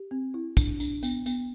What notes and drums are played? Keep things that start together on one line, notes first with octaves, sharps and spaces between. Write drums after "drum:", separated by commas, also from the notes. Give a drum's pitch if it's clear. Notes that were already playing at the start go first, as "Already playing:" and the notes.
Already playing: G4
C4
E4
D4, drum: kick, tambourine
D4, drum: tambourine
B3, drum: tambourine
B3, drum: tambourine